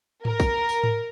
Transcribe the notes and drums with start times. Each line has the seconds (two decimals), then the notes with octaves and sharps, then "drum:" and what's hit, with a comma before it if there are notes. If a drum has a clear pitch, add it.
0.25 A#4, drum: tom G#2
0.40 drum: kick, tambourine
0.69 drum: tambourine
0.84 drum: tom G#2